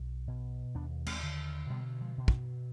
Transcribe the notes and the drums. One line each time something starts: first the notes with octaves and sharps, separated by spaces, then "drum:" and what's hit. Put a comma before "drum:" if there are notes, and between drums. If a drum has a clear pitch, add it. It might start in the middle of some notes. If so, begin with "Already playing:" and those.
Already playing: B1
B2
D#2 B3 D4
G#3 C4, drum: cymbal
D3
B2 G3 B3
F3 G#3
B2
drum: kick